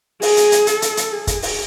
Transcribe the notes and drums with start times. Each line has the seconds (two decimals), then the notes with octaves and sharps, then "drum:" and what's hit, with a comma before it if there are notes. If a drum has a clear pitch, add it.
0.22 G#4, drum: open hi-hat
0.37 drum: hi-hat
0.52 drum: hi-hat
0.67 A4, drum: hi-hat
0.82 drum: hi-hat
0.97 drum: hi-hat
1.12 G#4
1.27 drum: kick, hi-hat
1.42 drum: open hi-hat